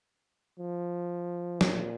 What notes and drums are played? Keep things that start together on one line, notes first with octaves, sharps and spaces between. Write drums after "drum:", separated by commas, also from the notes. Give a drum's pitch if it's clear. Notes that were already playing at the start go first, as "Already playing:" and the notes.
F3
A#2, drum: snare F#3